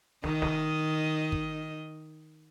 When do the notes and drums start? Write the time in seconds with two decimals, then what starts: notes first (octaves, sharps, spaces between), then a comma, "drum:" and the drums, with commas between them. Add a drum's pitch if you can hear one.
0.24 D#3 D#5, drum: snare
0.42 drum: snare
1.32 drum: kick